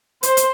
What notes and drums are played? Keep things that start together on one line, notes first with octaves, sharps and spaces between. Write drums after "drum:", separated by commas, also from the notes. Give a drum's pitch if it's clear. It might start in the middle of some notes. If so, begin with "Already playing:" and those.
C5, drum: hi-hat
drum: hi-hat